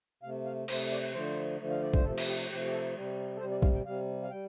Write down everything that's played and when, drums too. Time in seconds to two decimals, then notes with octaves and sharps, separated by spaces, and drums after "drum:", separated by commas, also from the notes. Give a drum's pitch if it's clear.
0.23 C3 A3 F5
0.45 F5
0.68 C3 A3 C5, drum: cymbal
0.92 D5
1.14 D3 F3 A3 C5
1.60 D3 F3 A3
1.70 F5
1.82 D5
1.94 C5, drum: kick
2.04 C3 F3 A3 A4
2.18 drum: cymbal
2.27 G4
2.49 C3 F3 A3 G4
2.66 G4
2.72 A4
2.95 C3 G3
3.36 A4
3.40 C3 G3 C5
3.51 D5
3.62 F5, drum: kick
3.74 G5
3.86 C3 G3 F5
4.23 F5
4.31 G3 G5